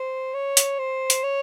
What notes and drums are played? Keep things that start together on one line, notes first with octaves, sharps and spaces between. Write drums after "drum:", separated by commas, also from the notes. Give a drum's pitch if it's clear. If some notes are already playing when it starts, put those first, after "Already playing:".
Already playing: C5
C#5
drum: hi-hat
C5
drum: hi-hat
C#5